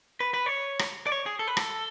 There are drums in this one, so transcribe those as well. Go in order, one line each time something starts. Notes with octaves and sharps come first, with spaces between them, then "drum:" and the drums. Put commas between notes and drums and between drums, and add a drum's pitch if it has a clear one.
B4
B4
C#5
drum: rim click
D5
C#5
G#4
A4
B4
A4, drum: rim click